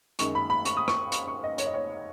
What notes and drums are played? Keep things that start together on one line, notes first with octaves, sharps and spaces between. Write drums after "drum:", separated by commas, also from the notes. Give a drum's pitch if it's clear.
F#2 D#3 G#3 C#6, drum: hi-hat
B5
B5
C#6, drum: hi-hat
D#6
C#6, drum: rim click
C#6, drum: hi-hat
C#6
D#5
C#5, drum: hi-hat
D#5
C#5